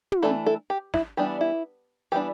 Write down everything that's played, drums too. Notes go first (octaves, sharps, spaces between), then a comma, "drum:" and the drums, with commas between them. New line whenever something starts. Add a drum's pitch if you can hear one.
drum: tom
E3 A3 D4 E4 A4
E4 A4
G4
E4, drum: snare
E3 G3 B3 D4 G4
E4
E3 G3 B3 D4 G4